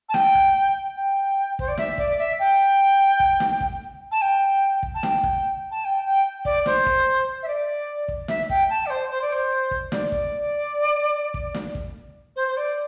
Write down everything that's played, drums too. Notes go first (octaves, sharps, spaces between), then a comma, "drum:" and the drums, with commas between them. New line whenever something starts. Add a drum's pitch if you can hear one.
A5
G5, drum: snare
drum: kick
G5
C5, drum: kick
D5
E5, drum: snare
D5, drum: kick
E5
G5
drum: kick
drum: snare
drum: kick
A5
G5
drum: kick
A5
G5, drum: snare
drum: kick
A5
G5
G5
D5, drum: kick
C5, drum: snare
drum: kick
E5
D5
drum: kick
E5, drum: snare
G5, drum: kick
A5
D5
C5
C5
D5
C5
drum: kick
D5, drum: snare
drum: kick
drum: kick
drum: snare
drum: kick
C5
C5
D5